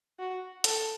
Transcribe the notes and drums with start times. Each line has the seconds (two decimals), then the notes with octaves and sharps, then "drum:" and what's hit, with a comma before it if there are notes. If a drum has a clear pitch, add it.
0.19 F#4
0.64 A4, drum: hi-hat